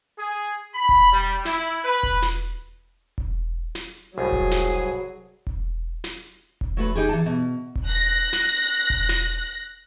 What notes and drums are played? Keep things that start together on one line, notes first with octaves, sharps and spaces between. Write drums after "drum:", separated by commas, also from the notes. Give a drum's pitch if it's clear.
G#4
B5
drum: kick E1
G3
E4, drum: snare
B4
drum: kick E1
drum: snare
drum: kick E1
drum: snare
C2 A2 F#3 G#4
drum: kick E1
drum: snare
drum: kick E1
drum: snare
drum: kick E1
F#3 A3 B4
D#4 G4 G#4
E3 A5
B2
drum: kick E1
F#6 A#6
drum: snare
drum: kick E1
drum: snare